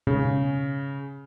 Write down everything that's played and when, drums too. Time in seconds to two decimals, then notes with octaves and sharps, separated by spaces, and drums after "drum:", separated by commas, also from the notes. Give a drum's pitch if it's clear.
0.07 C#3, drum: tom B2